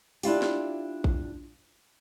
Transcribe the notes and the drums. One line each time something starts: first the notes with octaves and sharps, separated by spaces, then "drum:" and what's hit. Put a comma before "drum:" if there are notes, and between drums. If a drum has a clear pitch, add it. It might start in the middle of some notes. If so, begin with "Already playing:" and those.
D4 E4 F4 G4, drum: open hi-hat
drum: snare
drum: kick A1